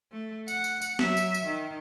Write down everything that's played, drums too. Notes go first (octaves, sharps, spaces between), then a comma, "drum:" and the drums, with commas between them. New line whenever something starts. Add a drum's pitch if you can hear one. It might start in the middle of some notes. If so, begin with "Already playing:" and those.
A3
F#5, drum: tambourine
drum: tambourine
drum: tambourine
F#3 E5, drum: snare
drum: tambourine
drum: tambourine
D#3